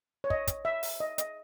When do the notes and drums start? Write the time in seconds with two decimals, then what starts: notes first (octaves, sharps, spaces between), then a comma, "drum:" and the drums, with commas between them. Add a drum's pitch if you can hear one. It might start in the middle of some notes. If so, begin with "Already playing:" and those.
0.24 C#5
0.30 D#5, drum: kick
0.47 drum: kick, hi-hat
0.65 E5
0.83 drum: open hi-hat
1.00 D#5
1.18 D#5, drum: hi-hat